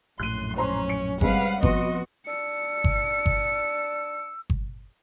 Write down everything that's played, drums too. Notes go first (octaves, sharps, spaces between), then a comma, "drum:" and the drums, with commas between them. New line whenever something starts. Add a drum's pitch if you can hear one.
A#1 F#2 A2 C6 F#6 D#7
C#4 C5 A#5 C6
C#7
G3 G#3 C4 B4 F5 F#5, drum: kick G1
F3 B3 C4 F#4 B4 D#5 C6, drum: kick G1
D4 E6 C#7
drum: kick G1
drum: kick G1
drum: kick G1